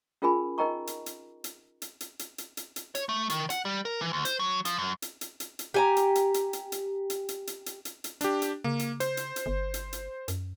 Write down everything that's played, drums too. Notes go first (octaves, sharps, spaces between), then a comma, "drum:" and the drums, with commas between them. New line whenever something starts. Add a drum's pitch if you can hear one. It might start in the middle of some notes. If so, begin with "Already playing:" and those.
C#4 F4 G#4 A#4 G#5 B5
D#4 A#4 D#5 G5 A#5 C#6
drum: hi-hat
drum: hi-hat
drum: hi-hat
drum: hi-hat
drum: hi-hat
drum: hi-hat
drum: hi-hat
drum: hi-hat
drum: hi-hat
C#5, drum: hi-hat
A3
D#3, drum: hi-hat
F#5, drum: hi-hat
G3
A#4
E3
D2
C5, drum: hi-hat
F#3
F3, drum: hi-hat
F#2
drum: hi-hat
drum: hi-hat
drum: hi-hat
drum: hi-hat
G4 G#5 A#5
drum: hi-hat
drum: hi-hat
drum: hi-hat
drum: hi-hat
drum: hi-hat
drum: hi-hat
drum: hi-hat
drum: hi-hat
drum: hi-hat
drum: hi-hat
drum: hi-hat
D4 G4, drum: hi-hat
drum: hi-hat
C#3 A#3
drum: hi-hat
C5, drum: hi-hat
drum: hi-hat
drum: hi-hat
G1
drum: hi-hat
drum: hi-hat
F#2, drum: hi-hat